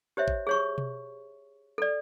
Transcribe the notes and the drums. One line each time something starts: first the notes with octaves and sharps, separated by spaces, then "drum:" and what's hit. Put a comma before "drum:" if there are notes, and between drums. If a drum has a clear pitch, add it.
G4 C5 C#5 E5
drum: kick
G#4 C#5 C#6
drum: tom B2
A4 D5